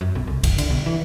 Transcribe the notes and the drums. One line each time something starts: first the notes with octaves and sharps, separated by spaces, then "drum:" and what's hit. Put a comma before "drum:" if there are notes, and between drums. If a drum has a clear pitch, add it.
F#2
B1
C2
F#1, drum: kick C2, cymbal
D3, drum: cymbal
B1
E3